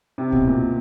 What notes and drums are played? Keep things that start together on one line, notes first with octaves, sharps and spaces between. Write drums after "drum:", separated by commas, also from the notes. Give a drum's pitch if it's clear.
C3
B2, drum: kick C#2
A#2